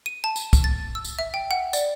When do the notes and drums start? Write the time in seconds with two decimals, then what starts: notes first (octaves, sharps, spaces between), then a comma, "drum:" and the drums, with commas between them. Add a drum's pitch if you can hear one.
0.06 D#7
0.24 A5
0.36 drum: tambourine
0.53 drum: kick, tambourine
0.64 A6
0.95 E6
1.05 drum: tambourine
1.19 E5
1.34 G5
1.51 F#5
1.73 D5, drum: tambourine